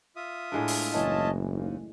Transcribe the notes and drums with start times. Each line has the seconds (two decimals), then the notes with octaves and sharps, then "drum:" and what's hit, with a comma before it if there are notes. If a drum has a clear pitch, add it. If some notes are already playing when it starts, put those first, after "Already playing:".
0.16 F4 E5 D#6
0.52 A2 G#3 D4
0.68 drum: open hi-hat
0.94 F#1 E3 C#5 D#5 A5
1.46 D#2